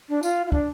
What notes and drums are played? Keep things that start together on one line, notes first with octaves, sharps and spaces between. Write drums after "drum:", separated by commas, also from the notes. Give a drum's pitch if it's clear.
D4
F4, drum: tambourine
F4
D4, drum: kick